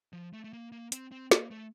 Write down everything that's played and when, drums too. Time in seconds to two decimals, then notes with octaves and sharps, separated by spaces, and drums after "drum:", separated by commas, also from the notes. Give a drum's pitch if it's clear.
0.13 F3
0.33 A3
0.44 A3
0.53 A#3
0.72 A#3
0.92 C4, drum: hi-hat
1.12 C4
1.31 A#3, drum: snare
1.51 A3